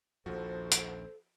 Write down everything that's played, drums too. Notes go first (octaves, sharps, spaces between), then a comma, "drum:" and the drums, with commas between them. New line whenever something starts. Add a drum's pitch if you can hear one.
A#1 D#2 F3 F#4 A4 C5
drum: hi-hat